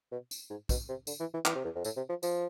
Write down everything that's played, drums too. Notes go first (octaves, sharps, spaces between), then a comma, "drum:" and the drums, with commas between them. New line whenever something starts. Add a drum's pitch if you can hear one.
B2
drum: tambourine
G#2
B2, drum: kick, tambourine
C3
D3, drum: tambourine
E3
E3
E3, drum: clap
C3
E2
F2
A2, drum: tambourine
C3
F3
F3, drum: tambourine